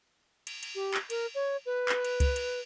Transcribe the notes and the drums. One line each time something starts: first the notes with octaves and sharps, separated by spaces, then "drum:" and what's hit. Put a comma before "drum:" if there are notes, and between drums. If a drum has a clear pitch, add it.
drum: cymbal
drum: cymbal
G4
drum: clap
A#4, drum: cymbal
C#5
B4
drum: clap
drum: cymbal
drum: kick C#2, cymbal
drum: cymbal